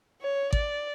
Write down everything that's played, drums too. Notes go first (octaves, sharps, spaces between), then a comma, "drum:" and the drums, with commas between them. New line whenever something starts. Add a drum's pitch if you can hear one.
C#5
D5, drum: kick G#1